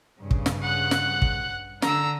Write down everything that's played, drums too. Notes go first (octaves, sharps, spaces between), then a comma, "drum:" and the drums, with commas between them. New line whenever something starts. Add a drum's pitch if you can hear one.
G2 C#3
drum: kick
drum: snare
F#5 F#6
drum: snare
drum: kick
D3 A#5 E6, drum: snare